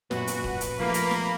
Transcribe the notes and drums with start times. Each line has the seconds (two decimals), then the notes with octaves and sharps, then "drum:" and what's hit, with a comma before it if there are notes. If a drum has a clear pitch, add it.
0.11 F#2 A#2 F#4 B4, drum: snare
0.27 drum: hi-hat
0.44 drum: kick
0.61 drum: hi-hat
0.79 F3 A3 A#3 B5 D6
0.94 drum: hi-hat
1.11 drum: snare